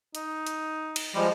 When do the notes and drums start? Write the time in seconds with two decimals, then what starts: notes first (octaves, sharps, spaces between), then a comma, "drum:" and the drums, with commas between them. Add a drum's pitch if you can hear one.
0.15 D#4, drum: hi-hat
0.47 drum: hi-hat
0.96 drum: cymbal
1.15 F3 G3 G#3